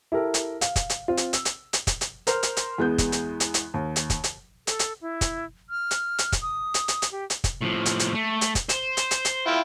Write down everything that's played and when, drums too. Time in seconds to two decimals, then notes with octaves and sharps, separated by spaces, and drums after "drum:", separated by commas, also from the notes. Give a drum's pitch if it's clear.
0.12 E4 G4 A4 A#4
0.34 drum: hi-hat
0.61 F5, drum: hi-hat
0.76 drum: kick, hi-hat
0.90 drum: hi-hat
1.08 C4 F4
1.17 drum: hi-hat
1.33 E6, drum: hi-hat
1.45 drum: hi-hat
1.73 drum: hi-hat
1.87 drum: kick, hi-hat
2.01 drum: hi-hat
2.27 A#4 C5 C6 F6, drum: hi-hat
2.43 drum: hi-hat
2.57 drum: hi-hat
2.78 E2 G#3 B3 G6
2.98 drum: kick, hi-hat
3.12 drum: hi-hat
3.40 drum: hi-hat
3.54 drum: hi-hat
3.74 D#2
3.96 drum: hi-hat
4.10 drum: kick, hi-hat
4.24 drum: hi-hat
4.67 A4, drum: hi-hat
4.79 drum: hi-hat
5.01 E4
5.21 drum: kick, hi-hat
5.70 F6
5.91 drum: hi-hat
6.18 drum: hi-hat
6.32 drum: kick, hi-hat
6.42 D#6
6.74 drum: hi-hat
6.88 drum: hi-hat
7.02 drum: hi-hat
7.12 G4
7.30 drum: hi-hat
7.44 drum: kick, hi-hat
7.62 A2 F3
7.85 drum: hi-hat
7.99 drum: hi-hat
8.15 A3
8.41 drum: hi-hat
8.55 drum: kick, hi-hat
8.69 C5, drum: hi-hat
8.97 drum: hi-hat
9.11 drum: hi-hat
9.25 drum: hi-hat
9.47 E4 F4 G5